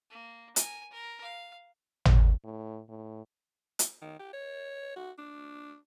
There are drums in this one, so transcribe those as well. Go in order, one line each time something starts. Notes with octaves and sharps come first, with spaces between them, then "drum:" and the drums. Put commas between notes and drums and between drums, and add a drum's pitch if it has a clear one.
A#3
A#4 G#5, drum: hi-hat
A#4
F5
drum: tom G#1
A2
A2
drum: hi-hat
D#3
G4
C#5
F#4
D4